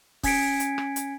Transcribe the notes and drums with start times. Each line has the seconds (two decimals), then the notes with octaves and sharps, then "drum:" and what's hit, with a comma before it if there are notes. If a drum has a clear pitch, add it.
0.23 C#4 G#5 G#6 B6 C#7 D7, drum: kick, open hi-hat
0.60 drum: hi-hat
0.78 drum: rim click
0.96 drum: hi-hat